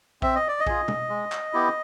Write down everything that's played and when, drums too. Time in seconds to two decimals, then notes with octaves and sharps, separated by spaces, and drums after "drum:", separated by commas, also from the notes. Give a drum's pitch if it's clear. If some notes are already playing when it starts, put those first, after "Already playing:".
0.22 C4 E5, drum: kick A#1
0.35 D#5
0.48 D5
0.60 D#5
0.67 F4 G#4, drum: kick A#1
0.88 drum: tom
1.09 G#3
1.32 drum: clap
1.53 B3 E4 G4